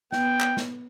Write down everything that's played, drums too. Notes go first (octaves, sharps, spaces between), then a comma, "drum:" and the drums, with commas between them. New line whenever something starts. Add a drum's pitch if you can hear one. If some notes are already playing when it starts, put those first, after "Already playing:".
B3 G5, drum: snare
drum: clap
drum: snare